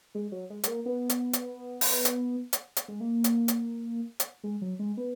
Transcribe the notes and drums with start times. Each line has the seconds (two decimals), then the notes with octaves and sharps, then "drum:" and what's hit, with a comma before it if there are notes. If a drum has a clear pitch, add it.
0.15 G#3
0.32 F#3
0.50 G#3
0.63 G#3, drum: hi-hat
0.68 A#3
0.86 B3
1.09 drum: hi-hat
1.33 drum: hi-hat
1.81 drum: open hi-hat
2.05 drum: hi-hat
2.53 drum: hi-hat
2.76 drum: hi-hat
2.88 G#3
3.00 A#3
3.24 drum: hi-hat
3.48 drum: hi-hat
4.20 drum: hi-hat
4.44 G#3
4.62 F#3
4.79 G#3
4.97 B3